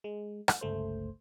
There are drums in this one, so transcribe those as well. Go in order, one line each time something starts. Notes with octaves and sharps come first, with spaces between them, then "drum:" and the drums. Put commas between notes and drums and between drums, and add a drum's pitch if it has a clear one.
G#3
drum: rim click
G1 C#2 A3 C5